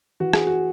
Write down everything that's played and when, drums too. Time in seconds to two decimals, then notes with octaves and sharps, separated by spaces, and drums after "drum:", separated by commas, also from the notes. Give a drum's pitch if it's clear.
0.20 E3 F#4
0.33 G#4, drum: rim click
0.47 F#4